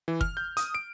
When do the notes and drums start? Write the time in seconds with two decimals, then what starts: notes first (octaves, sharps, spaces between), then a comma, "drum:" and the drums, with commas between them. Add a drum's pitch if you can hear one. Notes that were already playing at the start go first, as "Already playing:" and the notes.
0.08 E3
0.21 F6, drum: kick
0.37 G6
0.57 D#6, drum: hi-hat
0.75 D7